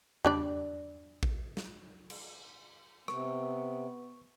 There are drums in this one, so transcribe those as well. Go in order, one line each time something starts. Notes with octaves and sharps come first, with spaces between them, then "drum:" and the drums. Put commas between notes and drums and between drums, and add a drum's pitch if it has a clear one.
G3 D4 D5, drum: tom E2
drum: kick A1
drum: snare
drum: cymbal
C3 B3 C#6, drum: rim click